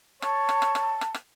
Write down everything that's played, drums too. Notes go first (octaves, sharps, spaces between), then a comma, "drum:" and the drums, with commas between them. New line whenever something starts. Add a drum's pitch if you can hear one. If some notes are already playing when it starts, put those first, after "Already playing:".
C#5 A5, drum: rim click
drum: rim click
drum: rim click
drum: rim click
drum: rim click
drum: rim click